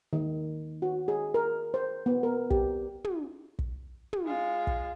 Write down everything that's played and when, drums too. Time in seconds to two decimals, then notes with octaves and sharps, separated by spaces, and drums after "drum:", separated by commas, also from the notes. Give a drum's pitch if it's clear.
0.13 D#3
0.82 F#4
1.08 G#4
1.34 A#4
1.74 C5
2.06 B3
2.23 A#4
2.50 G4, drum: kick
3.04 drum: tom
3.59 drum: kick
4.13 drum: tom
4.25 G#3 F4
4.67 drum: kick